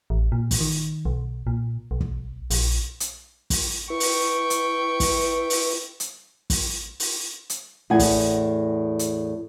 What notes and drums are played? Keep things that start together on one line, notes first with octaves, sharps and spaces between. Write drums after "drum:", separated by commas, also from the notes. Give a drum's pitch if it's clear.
A1
A#2
drum: kick, open hi-hat
D#3
B1
A#2
B1
drum: kick
A#1, drum: open hi-hat
drum: hi-hat
drum: kick, open hi-hat
E4 B4 G5 C#6
drum: open hi-hat
drum: hi-hat
drum: kick, open hi-hat
drum: open hi-hat
drum: hi-hat
drum: kick, open hi-hat
drum: open hi-hat
drum: hi-hat
E2 A2 F#5 G#5
drum: kick, open hi-hat
drum: hi-hat